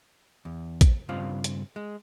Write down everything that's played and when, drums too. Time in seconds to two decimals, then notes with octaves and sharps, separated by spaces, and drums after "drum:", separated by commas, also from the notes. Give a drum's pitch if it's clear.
0.45 E2
0.81 drum: kick A1, hi-hat
1.09 G2 C#3 C4 F4 F5
1.44 drum: hi-hat
1.76 G#3